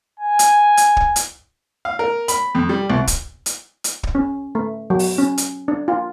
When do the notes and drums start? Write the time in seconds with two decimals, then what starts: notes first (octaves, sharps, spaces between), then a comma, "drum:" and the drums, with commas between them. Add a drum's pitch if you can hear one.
0.20 G#5
0.39 drum: hi-hat
0.77 drum: hi-hat
0.97 drum: kick
1.16 drum: hi-hat
1.85 F5
1.99 A#4
2.28 B5, drum: hi-hat
2.55 F2
2.69 G3
2.90 C2
3.07 drum: kick, hi-hat
3.46 drum: hi-hat
3.84 drum: hi-hat
4.03 drum: kick
4.15 C#4
4.55 A3
4.90 F#3
4.99 drum: open hi-hat
5.18 C#4
5.38 drum: hi-hat
5.68 D4
5.88 F4